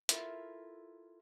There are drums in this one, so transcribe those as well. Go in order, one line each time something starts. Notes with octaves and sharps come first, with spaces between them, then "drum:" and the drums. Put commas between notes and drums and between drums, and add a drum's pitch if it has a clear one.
E4 F4 A4 A#4 E5, drum: hi-hat